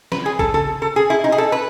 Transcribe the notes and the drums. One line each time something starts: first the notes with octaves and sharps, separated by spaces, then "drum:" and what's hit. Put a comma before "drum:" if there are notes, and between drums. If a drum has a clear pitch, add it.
B4, drum: snare
G#4
A4, drum: kick
A4, drum: tom C#3
A4
G#4
E4
D#4
G#4
A4
B4